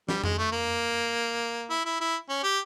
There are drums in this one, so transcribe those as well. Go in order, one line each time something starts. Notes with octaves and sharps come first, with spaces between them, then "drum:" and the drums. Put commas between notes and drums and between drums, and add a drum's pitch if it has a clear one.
G3, drum: snare
G#3, drum: tom F2
A3
A#3
E4
E4
E4
C#4
G4